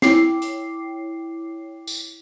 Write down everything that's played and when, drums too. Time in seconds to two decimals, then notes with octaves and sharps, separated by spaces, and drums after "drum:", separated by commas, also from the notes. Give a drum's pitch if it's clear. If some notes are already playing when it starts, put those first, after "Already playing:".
0.02 E4 C#5 G5 D6 C7, drum: snare
0.42 drum: hi-hat
1.87 drum: tambourine